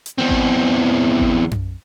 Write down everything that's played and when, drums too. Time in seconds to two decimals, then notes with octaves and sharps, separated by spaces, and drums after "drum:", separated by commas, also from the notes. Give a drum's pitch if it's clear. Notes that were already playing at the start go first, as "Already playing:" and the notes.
0.06 drum: hi-hat
0.18 E2 C4
0.29 drum: kick G#1
1.20 drum: kick G#1
1.51 drum: tom F#2